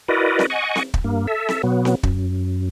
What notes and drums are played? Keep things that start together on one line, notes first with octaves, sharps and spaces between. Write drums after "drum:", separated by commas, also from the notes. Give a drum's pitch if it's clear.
E4 F#4 A#4 B4 D5 D#5
drum: snare C4
D#5 F#5 G#5 C#6
drum: snare C4
drum: kick
G2 A#3
A4 E5
drum: snare C4
B2 F#3 B3
drum: snare C4
F#2, drum: kick